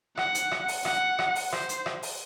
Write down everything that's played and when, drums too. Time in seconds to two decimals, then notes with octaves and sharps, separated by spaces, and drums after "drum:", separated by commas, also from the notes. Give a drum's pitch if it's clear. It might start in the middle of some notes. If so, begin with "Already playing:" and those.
0.17 F#5, drum: rim click
0.35 drum: hi-hat
0.51 drum: rim click
0.68 drum: open hi-hat
0.85 F#5, drum: rim click
1.19 drum: rim click
1.35 drum: open hi-hat
1.52 C5, drum: rim click
1.69 drum: hi-hat
1.86 drum: rim click
2.03 drum: open hi-hat